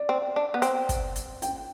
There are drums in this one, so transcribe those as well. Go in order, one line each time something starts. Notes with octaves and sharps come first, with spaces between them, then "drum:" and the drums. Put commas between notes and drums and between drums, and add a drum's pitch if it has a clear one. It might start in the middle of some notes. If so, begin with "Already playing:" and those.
Already playing: D5
C4
D4
B3
C4, drum: hi-hat
drum: kick, hi-hat
drum: hi-hat
G5, drum: hi-hat